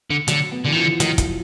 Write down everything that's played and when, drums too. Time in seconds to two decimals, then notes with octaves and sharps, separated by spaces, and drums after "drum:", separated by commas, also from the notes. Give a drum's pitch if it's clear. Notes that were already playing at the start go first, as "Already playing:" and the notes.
0.10 D3
0.28 D3 F#3, drum: hi-hat
0.52 B3
0.64 D3
0.67 E3
0.72 D#3
0.76 D3 F3
1.00 D#3 F#3, drum: hi-hat
1.18 F3, drum: kick, hi-hat